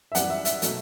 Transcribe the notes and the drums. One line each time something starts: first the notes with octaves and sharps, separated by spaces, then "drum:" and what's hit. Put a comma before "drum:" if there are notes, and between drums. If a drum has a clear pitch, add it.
E5
F#2 E3 G3 F#5, drum: hi-hat
E5
E5, drum: hi-hat
B2 F#3 A3, drum: hi-hat